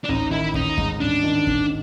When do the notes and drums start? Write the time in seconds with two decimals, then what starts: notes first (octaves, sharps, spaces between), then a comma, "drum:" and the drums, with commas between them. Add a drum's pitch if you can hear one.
0.04 D4
0.09 A1 D#4
0.32 D#3 E4
0.54 A1 D#4, drum: kick
0.78 G#2, drum: kick
1.00 A1 D4
1.23 D#3
1.47 A1, drum: kick